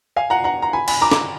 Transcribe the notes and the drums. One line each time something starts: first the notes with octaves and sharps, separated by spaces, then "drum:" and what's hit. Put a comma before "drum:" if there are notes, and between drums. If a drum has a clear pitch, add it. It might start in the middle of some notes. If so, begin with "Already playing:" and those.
F5 G#5
F#5 A#5
F#5 A#5
A#5
G#5 B5
G#5 B5, drum: cymbal
A#5 D6
A#5 D6, drum: snare